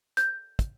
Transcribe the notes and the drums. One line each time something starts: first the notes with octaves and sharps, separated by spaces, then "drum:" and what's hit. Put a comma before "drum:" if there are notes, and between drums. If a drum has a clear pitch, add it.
G6, drum: hi-hat
drum: kick, hi-hat